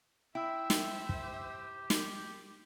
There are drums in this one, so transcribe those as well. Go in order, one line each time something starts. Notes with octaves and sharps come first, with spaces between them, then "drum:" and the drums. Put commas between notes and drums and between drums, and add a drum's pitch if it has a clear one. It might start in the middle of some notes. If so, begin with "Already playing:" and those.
E4 C5 E5 G5 E6
drum: snare
drum: kick
G4
drum: snare